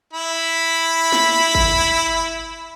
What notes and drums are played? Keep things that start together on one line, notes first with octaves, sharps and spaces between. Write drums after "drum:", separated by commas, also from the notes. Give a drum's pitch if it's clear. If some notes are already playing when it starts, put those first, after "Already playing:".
E4 B5
drum: snare
drum: kick G1